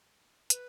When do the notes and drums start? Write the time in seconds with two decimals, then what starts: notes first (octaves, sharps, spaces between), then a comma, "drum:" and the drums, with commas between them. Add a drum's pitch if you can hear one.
0.50 B4, drum: hi-hat